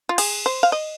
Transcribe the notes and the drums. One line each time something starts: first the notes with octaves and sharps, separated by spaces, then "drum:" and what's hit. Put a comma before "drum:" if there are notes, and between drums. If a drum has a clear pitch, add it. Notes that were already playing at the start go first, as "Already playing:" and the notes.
F4
G#4, drum: cymbal
C5
F5
D#5